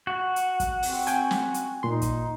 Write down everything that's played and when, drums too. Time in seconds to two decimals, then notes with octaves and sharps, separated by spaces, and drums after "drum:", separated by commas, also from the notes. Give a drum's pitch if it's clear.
0.07 F#4
0.36 drum: hi-hat
0.60 drum: kick, hi-hat
0.83 C4, drum: open hi-hat
1.07 G5 G#5, drum: hi-hat
1.31 drum: snare
1.54 drum: hi-hat
1.83 A#2 D#4 C6
2.02 drum: kick, hi-hat